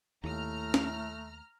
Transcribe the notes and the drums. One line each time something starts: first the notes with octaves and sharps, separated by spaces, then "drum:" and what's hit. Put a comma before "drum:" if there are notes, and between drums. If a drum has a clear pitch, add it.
D#2 A2 A3 A#5 F6
drum: snare